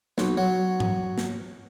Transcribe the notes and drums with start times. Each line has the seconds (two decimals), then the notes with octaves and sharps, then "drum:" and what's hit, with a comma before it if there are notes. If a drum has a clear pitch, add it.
0.18 B1, drum: snare
0.37 F#3
0.80 drum: tom G#2
1.18 drum: snare